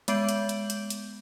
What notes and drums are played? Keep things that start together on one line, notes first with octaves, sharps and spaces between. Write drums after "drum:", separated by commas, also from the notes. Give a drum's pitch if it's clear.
G#3 B3 G6 D7 F#7, drum: hi-hat
drum: hi-hat
drum: hi-hat
drum: hi-hat
drum: hi-hat